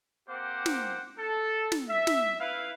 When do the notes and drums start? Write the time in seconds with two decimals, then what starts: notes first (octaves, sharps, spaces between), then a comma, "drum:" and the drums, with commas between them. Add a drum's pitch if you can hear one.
0.29 A#3 C4 G4 C5 F#5 D6
0.66 drum: snare
1.19 A4
1.72 drum: snare
1.89 E5
2.07 drum: snare
2.40 E4 B4 F5